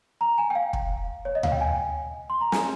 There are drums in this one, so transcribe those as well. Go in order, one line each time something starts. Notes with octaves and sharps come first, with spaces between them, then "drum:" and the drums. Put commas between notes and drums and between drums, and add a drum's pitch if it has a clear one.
A#5
G#5
G5
F5
drum: kick
C#5
D#5
F5, drum: tom D2
G5
G#5
C6
A#5
G#5, drum: snare